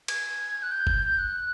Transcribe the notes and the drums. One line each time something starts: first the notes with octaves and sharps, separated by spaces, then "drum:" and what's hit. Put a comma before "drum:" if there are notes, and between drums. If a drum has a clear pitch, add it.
G#6, drum: cymbal
F#6
G6
drum: kick G1
F#6